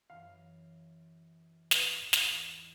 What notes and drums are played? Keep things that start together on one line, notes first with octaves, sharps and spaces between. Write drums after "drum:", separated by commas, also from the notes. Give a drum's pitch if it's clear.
F#2 E3 F5
E4 F4 G#4 B4, drum: snare
E2 G#2
drum: snare